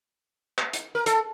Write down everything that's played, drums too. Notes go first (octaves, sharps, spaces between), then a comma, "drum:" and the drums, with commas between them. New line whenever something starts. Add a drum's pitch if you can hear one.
drum: clap
drum: hi-hat
A#4
A4, drum: hi-hat